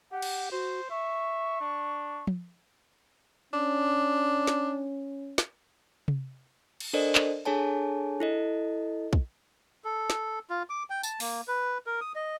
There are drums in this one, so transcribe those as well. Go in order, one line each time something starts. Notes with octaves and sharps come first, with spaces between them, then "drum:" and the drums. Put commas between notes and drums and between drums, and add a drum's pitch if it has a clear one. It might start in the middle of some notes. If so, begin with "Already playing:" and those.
G4 F#5
drum: cymbal
F#4 C5
E5 C#6
D4
drum: tom
C#4 D4
drum: snare
drum: snare
drum: tom C3
drum: cymbal
D4 A4 A#4 C5 D5 D#5
drum: clap
D4 G#4 A4 C#5 G#5 A5
E4 A4 D#5
drum: kick
A4
drum: snare
F4
D6
G5
A5, drum: tambourine
A#3, drum: open hi-hat
B4
A#4
D#6
D#5